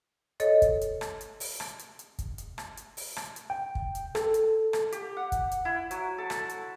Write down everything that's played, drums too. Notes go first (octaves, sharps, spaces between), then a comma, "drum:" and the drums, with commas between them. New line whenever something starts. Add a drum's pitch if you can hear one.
A4 C#5 D#5, drum: hi-hat
drum: kick, hi-hat
drum: hi-hat
drum: rim click
drum: hi-hat
drum: open hi-hat
drum: rim click
drum: hi-hat
drum: hi-hat
drum: kick, hi-hat
drum: hi-hat
drum: rim click
drum: hi-hat
drum: open hi-hat
drum: rim click
drum: hi-hat
G5
drum: kick
drum: hi-hat
A4, drum: rim click
drum: hi-hat
drum: rim click
G4, drum: hi-hat
F#5
drum: kick, hi-hat
drum: hi-hat
E4
F#3, drum: hi-hat
A4
drum: rim click
drum: hi-hat